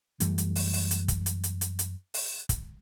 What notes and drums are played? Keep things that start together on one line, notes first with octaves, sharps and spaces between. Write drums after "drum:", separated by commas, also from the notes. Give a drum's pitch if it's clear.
F#2 E3 G3 A3, drum: hi-hat
drum: hi-hat
drum: open hi-hat
drum: open hi-hat
drum: hi-hat
drum: kick, hi-hat
drum: hi-hat
drum: hi-hat
drum: hi-hat
drum: hi-hat
drum: open hi-hat
drum: kick, hi-hat